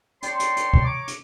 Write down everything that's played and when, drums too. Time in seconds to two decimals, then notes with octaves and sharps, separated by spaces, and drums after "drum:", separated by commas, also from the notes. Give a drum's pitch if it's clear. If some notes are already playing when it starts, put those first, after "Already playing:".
0.22 C#5 D5 G5 A5 C6, drum: hi-hat
0.39 drum: hi-hat
0.56 drum: hi-hat
0.74 drum: kick
0.85 C#5 A#5 C#6 D6
1.08 drum: hi-hat